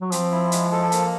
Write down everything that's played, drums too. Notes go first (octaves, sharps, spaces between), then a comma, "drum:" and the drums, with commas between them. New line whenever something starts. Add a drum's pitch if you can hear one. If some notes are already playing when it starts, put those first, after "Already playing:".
F#3
F3 C4, drum: hi-hat
E4
G#3, drum: hi-hat
A4
A#3, drum: hi-hat